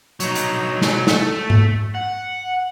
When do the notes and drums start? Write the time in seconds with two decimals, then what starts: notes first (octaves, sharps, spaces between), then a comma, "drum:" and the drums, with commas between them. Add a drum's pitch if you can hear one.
0.20 F#3 D#4, drum: hi-hat
0.35 drum: hi-hat
0.82 drum: snare
1.07 A3, drum: snare
1.50 drum: tom G#2
1.95 F#5